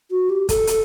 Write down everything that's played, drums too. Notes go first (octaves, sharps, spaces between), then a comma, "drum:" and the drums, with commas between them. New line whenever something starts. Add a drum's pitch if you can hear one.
F#4
G4
A4, drum: kick, hi-hat
drum: hi-hat